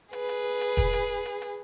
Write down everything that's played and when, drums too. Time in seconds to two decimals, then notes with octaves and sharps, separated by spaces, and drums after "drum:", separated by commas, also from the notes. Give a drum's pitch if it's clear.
0.13 G#4 B4, drum: hi-hat
0.29 drum: hi-hat
0.61 drum: hi-hat
0.77 drum: kick, hi-hat
0.93 drum: hi-hat
1.25 drum: hi-hat
1.42 drum: hi-hat